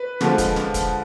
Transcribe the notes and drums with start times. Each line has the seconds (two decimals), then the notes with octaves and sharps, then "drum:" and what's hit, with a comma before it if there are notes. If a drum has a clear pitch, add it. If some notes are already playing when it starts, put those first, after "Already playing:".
Already playing: B4
0.21 D3 F3 G#3, drum: snare
0.38 drum: kick, hi-hat
0.56 drum: snare
0.74 drum: kick, hi-hat